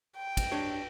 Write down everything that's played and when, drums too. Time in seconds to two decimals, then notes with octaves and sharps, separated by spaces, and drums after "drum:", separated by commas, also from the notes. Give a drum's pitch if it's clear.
0.16 G5
0.37 drum: kick, cymbal
0.52 D4 G4 C#5